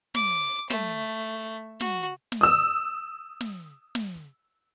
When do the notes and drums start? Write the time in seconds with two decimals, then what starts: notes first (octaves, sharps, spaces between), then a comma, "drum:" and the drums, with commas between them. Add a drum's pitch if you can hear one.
0.15 D6, drum: snare
0.70 A3, drum: snare
1.80 F#4, drum: snare
2.32 drum: snare
2.41 D#6 E6
3.41 drum: snare
3.95 drum: snare